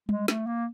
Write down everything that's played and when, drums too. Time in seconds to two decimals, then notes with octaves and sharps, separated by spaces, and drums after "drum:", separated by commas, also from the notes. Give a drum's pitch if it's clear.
0.09 G#3, drum: tom G3
0.28 A3, drum: snare
0.47 A#3